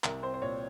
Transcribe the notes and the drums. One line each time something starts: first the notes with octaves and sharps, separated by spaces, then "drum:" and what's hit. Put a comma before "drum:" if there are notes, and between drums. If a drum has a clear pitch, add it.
C2 A#4, drum: clap
C4 C5
C5
A#2 C#5